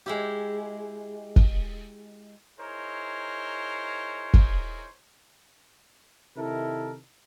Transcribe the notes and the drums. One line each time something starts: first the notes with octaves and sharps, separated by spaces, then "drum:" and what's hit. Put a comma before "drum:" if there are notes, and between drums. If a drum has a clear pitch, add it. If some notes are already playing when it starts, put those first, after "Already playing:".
G#3 E4 G4
drum: kick
D#4 E4 G#4 A#4 C5 C#5
drum: kick
C3 D#3 E4 A4 A#4